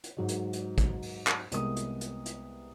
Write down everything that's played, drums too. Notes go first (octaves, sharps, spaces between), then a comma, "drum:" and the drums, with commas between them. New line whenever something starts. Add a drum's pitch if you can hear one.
drum: hi-hat
G#2 F#3 G#3
drum: hi-hat
drum: hi-hat
drum: kick, hi-hat
drum: open hi-hat
drum: clap
C2 G#3 B3 A#4 D#6, drum: hi-hat
drum: hi-hat
drum: hi-hat
drum: hi-hat